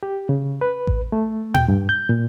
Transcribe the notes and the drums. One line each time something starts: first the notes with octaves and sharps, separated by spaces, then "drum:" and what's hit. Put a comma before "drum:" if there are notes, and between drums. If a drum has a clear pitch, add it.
G4
C#3
B4
drum: kick A1
A3
G5, drum: tom A#2
G2
G6
A#2